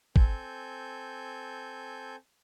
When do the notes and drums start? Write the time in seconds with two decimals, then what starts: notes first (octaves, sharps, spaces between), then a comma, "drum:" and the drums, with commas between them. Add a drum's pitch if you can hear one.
0.16 C4 A4 G#5 G6, drum: kick